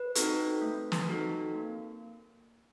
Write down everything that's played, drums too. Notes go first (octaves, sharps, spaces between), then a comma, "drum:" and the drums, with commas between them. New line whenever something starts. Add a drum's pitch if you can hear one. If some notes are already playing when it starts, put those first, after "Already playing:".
Already playing: B4
C4 D#4 F#4 A4, drum: hi-hat
A3
drum: snare
C4 D#4 F#4 A4
A#3